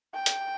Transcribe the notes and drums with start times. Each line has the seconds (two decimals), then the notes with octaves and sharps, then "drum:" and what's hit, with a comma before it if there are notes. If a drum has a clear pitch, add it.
0.15 G5
0.26 drum: hi-hat